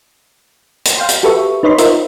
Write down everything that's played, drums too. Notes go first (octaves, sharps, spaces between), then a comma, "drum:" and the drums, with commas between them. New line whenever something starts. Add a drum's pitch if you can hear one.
drum: hi-hat
F5 G5 C6
drum: hi-hat
F#4 G4 A4 B4 E5 C#6
D#4 B4 C#5 D#5 B5 C6
F4 A#4 C5 D#5 E5, drum: hi-hat